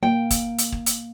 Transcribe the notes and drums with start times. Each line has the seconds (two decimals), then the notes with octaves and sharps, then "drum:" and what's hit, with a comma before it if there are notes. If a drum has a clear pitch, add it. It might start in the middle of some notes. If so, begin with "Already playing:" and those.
0.03 A#3 G5
0.30 drum: kick, hi-hat
0.58 drum: hi-hat
0.72 drum: kick
0.86 drum: hi-hat